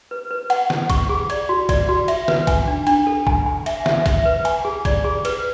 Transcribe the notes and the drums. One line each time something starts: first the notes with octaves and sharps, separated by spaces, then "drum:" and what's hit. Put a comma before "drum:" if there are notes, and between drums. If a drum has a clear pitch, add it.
B4
B4
F#5, drum: cymbal
F#5, drum: snare
C#6, drum: kick, cymbal
G#4
D5, drum: cymbal
F#4
D5, drum: kick, cymbal
F#4
E5, drum: cymbal
B4, drum: snare
G#5, drum: kick, cymbal
D4
D4, drum: cymbal
A4
G#5, drum: kick
G#5
E5, drum: cymbal
E5, drum: snare
E5, drum: kick, cymbal
B4
G#5, drum: cymbal
G#4
D5, drum: kick, cymbal
G#4
B4, drum: cymbal